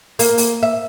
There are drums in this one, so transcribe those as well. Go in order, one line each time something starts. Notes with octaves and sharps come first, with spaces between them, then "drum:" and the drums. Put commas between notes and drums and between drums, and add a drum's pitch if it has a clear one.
A#3, drum: open hi-hat
drum: open hi-hat
E5